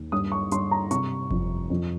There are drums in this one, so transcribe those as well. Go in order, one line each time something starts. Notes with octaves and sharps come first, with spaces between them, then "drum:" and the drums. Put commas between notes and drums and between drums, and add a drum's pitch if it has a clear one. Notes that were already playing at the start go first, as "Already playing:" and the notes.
Already playing: D#2
G2 D#6
C#6
G2 C6, drum: hi-hat
A#5
C3 C#6, drum: hi-hat
F2, drum: kick F#1
F2